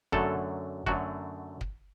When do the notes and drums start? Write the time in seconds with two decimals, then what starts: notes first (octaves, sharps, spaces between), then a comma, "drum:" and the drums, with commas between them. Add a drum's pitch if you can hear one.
0.12 F#2 D3 F#3 A3 A4, drum: kick
0.86 F#2 D3 F#3 A3 F#4, drum: kick
1.61 drum: kick